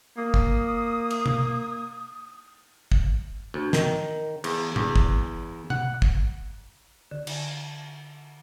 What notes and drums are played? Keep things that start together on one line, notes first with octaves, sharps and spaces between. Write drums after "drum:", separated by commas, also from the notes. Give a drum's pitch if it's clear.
A#3 D#6
drum: kick
drum: cymbal
drum: tom B2
drum: kick
D2
D#3, drum: snare
E2, drum: cymbal
E2, drum: tom A#2
drum: kick
F#5, drum: tom B2
drum: kick
D3
drum: cymbal